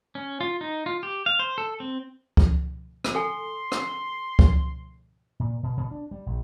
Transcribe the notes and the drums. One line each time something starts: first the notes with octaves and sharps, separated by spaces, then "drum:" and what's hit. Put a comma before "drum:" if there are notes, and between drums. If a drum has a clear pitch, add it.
C#4
F4
D#4
F4
G4
F5
C5
A4
C4
drum: kick C#2
drum: rim click
A4 G#5 C6
drum: rim click
drum: kick C#2
A#2
B2
B2
D4
G3
A#1